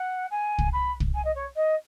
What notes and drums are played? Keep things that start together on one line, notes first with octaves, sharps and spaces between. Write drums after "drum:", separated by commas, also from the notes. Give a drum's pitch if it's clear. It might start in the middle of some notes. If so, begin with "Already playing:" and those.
Already playing: F#5
G#5
drum: kick
B5
drum: kick
G#5
D#5
C#5
D#5